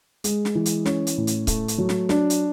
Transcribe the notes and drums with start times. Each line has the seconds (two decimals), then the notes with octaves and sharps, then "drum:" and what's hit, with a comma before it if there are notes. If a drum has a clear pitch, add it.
0.24 G#3, drum: hi-hat
0.45 drum: snare
0.55 E3
0.66 drum: hi-hat
0.85 C#4, drum: snare
1.07 drum: hi-hat
1.17 A2
1.27 drum: hi-hat
1.47 A3, drum: kick C#1, hi-hat
1.68 drum: hi-hat
1.78 F#3
1.89 drum: snare
2.09 D4, drum: snare
2.30 drum: hi-hat